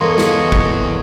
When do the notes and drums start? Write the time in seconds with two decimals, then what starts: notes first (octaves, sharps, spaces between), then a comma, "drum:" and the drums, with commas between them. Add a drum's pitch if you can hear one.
0.01 E2 A#3 B3 A4 C#5 D#5 C6
0.18 drum: snare
0.52 drum: kick